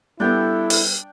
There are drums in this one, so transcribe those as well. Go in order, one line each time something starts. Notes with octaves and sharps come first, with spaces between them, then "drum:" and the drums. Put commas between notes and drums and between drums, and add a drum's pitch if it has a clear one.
G3 B3 D4 E4 A4 G5
drum: open hi-hat